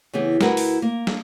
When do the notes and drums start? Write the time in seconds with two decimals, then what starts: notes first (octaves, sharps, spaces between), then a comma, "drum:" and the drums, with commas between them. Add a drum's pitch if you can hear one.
0.13 C#3 E3 B3 G4
0.41 D2 E4 F#4 A#4 B4 F#5, drum: snare
0.57 drum: open hi-hat
0.82 A#3
1.07 drum: snare